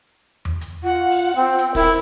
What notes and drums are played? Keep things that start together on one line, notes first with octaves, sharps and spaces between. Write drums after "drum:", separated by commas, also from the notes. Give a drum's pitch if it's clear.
drum: tom E2
drum: hi-hat
F4 F#5
drum: open hi-hat
C4 G5
drum: hi-hat
E4 A#4, drum: kick, open hi-hat